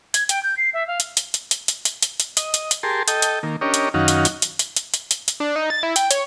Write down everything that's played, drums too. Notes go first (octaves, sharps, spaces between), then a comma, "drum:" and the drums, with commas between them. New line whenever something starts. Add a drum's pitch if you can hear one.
G#6, drum: hi-hat
G5, drum: hi-hat
G6
C7
E5
F5
drum: hi-hat
drum: hi-hat
drum: hi-hat
drum: hi-hat
drum: hi-hat
drum: hi-hat
drum: hi-hat
drum: hi-hat
D#5, drum: hi-hat
drum: hi-hat
drum: hi-hat
G4 G#4 A#4 A5 C6
A4 D#5 G5, drum: hi-hat
drum: hi-hat
D#3 A#3
C#4 D4 G4 A#4 C#5 D#5
drum: hi-hat
F#2 D#3 C#4 D#4 F#4 F5
drum: hi-hat
drum: hi-hat
drum: hi-hat
drum: hi-hat
drum: hi-hat
drum: hi-hat
drum: hi-hat
drum: hi-hat
D4
D#4
A6
E4
G5, drum: hi-hat
C#5, drum: hi-hat